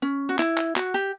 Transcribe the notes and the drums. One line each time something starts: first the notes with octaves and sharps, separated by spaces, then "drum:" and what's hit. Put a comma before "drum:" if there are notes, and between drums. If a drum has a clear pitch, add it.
C#4
F#4
E4, drum: clap
drum: clap
F#4, drum: clap
G4, drum: tambourine